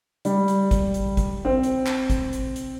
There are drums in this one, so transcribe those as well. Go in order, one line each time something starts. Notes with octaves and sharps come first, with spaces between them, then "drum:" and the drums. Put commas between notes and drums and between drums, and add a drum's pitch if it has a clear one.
G3, drum: hi-hat
drum: hi-hat
drum: kick, hi-hat
drum: hi-hat
drum: kick, hi-hat
C4
drum: hi-hat
drum: clap
drum: kick, hi-hat
drum: hi-hat
drum: hi-hat